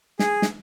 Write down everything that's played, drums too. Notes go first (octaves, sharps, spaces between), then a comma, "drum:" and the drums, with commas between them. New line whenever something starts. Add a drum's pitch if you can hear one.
G#4, drum: snare
drum: snare